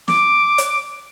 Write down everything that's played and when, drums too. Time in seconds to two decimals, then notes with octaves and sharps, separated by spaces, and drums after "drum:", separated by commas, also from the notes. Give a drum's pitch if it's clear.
0.08 D6, drum: snare
0.58 drum: hi-hat